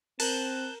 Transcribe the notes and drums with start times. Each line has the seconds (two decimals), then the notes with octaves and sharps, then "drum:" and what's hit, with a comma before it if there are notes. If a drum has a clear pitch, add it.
0.20 C4 A#4 A5 F#6 G6, drum: cymbal